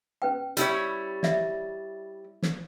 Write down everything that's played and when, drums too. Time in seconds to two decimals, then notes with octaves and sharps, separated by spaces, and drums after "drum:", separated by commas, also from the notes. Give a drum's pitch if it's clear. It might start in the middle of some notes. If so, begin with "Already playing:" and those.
0.22 C#4 B4 G5
0.57 G3 E4 C#5, drum: hi-hat
1.23 D5 E5, drum: snare
2.42 drum: snare